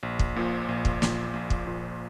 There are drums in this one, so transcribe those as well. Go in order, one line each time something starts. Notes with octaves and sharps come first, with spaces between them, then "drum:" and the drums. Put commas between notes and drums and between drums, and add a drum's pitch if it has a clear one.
A#1
drum: kick
A#2 F3
A#1
drum: kick
A#2 F3, drum: snare
A#1
drum: kick
A#2 F3